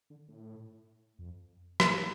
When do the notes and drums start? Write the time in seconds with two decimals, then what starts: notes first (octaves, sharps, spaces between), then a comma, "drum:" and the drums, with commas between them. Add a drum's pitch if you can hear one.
0.10 D3
0.28 A2
1.19 F2
1.80 drum: rim click